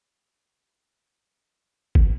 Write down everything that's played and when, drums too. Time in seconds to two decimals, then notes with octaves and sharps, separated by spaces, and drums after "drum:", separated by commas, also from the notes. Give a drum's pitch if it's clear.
1.47 C#2 A4 C5
1.95 drum: kick G1